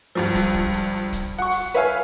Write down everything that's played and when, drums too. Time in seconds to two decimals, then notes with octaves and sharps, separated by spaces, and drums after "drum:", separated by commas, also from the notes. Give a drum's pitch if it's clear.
0.15 C#2 G2 F3
0.35 drum: kick, hi-hat
0.54 drum: kick
0.74 drum: open hi-hat
1.13 drum: kick, hi-hat
1.39 F#5 C#6
1.52 drum: open hi-hat
1.74 B4 C#5 E5 F5 G#5